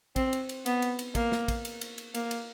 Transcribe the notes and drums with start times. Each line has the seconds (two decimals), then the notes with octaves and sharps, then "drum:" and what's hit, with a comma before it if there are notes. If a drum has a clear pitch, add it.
0.16 C4, drum: kick, cymbal
0.33 drum: cymbal
0.49 drum: cymbal
0.66 B3, drum: cymbal
0.82 drum: cymbal
0.99 drum: cymbal
1.15 A#3, drum: kick, cymbal
1.32 drum: snare
1.48 drum: kick, cymbal
1.65 drum: cymbal
1.81 drum: cymbal
1.98 drum: cymbal
2.15 A#3, drum: cymbal
2.31 drum: cymbal